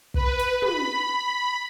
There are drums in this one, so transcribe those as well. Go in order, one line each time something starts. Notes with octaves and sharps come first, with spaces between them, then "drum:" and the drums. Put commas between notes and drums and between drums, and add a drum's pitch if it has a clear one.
B4, drum: kick
drum: hi-hat
B5, drum: tom